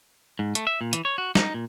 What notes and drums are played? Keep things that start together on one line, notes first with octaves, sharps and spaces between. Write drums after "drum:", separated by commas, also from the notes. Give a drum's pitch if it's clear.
G#2
A3, drum: hi-hat
E5
A#2
E3, drum: hi-hat
C#5
F#4
D#4, drum: snare
A#2